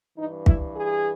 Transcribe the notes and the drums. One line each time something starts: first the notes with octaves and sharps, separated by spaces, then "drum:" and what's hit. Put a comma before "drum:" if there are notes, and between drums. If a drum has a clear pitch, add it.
G2 E3 D#4
E4, drum: kick
G#4